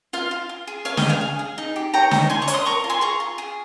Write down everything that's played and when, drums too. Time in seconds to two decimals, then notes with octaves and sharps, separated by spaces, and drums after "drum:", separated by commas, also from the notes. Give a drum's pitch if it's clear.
0.13 F4 F5
0.31 F4
0.49 F4
0.67 G#4
0.85 C#5 F5
0.97 D#5 G5, drum: snare
1.04 G#4
1.09 F5 G#5
1.21 G#4
1.39 G#4
1.58 D#4
1.76 G4
1.94 C#5 G5 A#5
2.11 D#4, drum: snare
2.29 F4 G#5 C6
2.42 A#5 C#6
2.48 D#5, drum: hi-hat
2.54 C6 D#6
2.66 A#4 A#5 C#6
2.84 F4
2.90 G#5 C6
3.01 G#4 A#5 C#6
3.20 F4
3.38 G#4